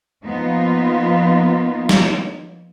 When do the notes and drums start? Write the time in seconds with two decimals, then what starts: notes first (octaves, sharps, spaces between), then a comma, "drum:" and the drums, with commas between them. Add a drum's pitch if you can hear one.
0.25 F3 A#3 B3 D#4 F4
1.89 drum: snare